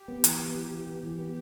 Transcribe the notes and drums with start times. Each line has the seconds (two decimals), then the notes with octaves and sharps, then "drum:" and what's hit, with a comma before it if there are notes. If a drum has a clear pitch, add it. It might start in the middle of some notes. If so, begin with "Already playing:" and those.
Already playing: G4
0.08 B3
0.24 E3, drum: hi-hat
0.39 B3
0.55 E3
0.71 E3
0.87 B3
1.03 E3 G4
1.18 B3